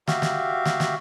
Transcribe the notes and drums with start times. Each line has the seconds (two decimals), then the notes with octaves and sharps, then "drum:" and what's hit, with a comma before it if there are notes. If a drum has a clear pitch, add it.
0.07 F#4 G4 E5 F5, drum: snare
0.22 drum: snare
0.65 drum: snare
0.80 drum: snare